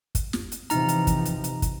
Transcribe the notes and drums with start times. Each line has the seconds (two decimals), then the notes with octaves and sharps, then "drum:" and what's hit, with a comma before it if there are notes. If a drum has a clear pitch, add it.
0.15 drum: kick, hi-hat
0.33 drum: snare
0.52 drum: hi-hat
0.70 C3 E3 F3 D#4 A#5, drum: hi-hat
0.88 drum: hi-hat
1.07 drum: kick, hi-hat
1.25 drum: hi-hat
1.44 drum: hi-hat
1.62 drum: kick, hi-hat